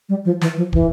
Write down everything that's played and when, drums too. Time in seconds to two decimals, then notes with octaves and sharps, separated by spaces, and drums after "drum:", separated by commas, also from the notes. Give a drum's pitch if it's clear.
0.09 G3
0.25 F3
0.41 E3, drum: snare
0.57 F3
0.73 E3, drum: kick